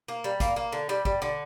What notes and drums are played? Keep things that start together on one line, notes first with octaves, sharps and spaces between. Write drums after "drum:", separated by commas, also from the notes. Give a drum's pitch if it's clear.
A#3
G3
A#3, drum: kick, hi-hat
A#3
D3
G3
G3, drum: kick
D3